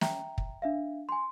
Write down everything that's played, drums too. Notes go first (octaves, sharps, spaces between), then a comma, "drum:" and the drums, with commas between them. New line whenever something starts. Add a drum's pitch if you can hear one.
E5 G5 A#5, drum: snare
drum: kick
D4 E5 F5
G#5 C6